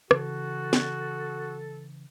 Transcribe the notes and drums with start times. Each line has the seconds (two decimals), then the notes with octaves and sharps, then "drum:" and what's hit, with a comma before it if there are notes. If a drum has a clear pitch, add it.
0.11 C#3 E3 F#4 A4, drum: rim click
0.73 drum: snare